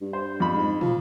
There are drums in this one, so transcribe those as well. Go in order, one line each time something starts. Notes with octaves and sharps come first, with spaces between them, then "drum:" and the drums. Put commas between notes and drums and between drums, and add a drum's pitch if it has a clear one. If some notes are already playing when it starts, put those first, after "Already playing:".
G2
C5
F2 B5
G#2
F3, drum: tom